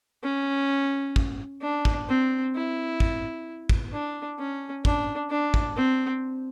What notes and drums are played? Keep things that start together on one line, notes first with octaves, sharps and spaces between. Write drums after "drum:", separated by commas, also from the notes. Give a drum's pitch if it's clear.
C#4
drum: kick
D4
drum: kick
C4
E4
drum: kick
drum: kick
D4
C#4
D4, drum: kick
D4
drum: kick
C4